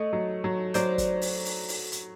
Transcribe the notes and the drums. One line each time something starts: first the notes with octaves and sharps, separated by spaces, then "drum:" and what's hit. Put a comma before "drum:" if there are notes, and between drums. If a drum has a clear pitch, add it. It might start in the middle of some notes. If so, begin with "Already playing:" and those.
Already playing: A3 C#5 D#5
F#3
F#3
F#3 C5 D5, drum: hi-hat
drum: kick, hi-hat
drum: open hi-hat
drum: open hi-hat
drum: open hi-hat
drum: hi-hat